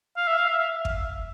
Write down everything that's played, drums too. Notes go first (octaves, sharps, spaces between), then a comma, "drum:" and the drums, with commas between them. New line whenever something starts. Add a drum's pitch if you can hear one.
F5
E5
F5
E5
E5
drum: kick